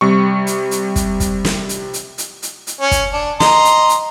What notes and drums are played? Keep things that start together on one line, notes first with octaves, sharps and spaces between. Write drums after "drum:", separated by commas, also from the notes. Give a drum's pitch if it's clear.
C3 G3 C#6
drum: hi-hat
drum: hi-hat
drum: kick, hi-hat
drum: kick, hi-hat
drum: snare
drum: hi-hat
drum: hi-hat
drum: hi-hat
drum: hi-hat
drum: hi-hat
C#4
drum: kick, hi-hat
D4
D#5 A#5 C6, drum: snare
drum: hi-hat
drum: hi-hat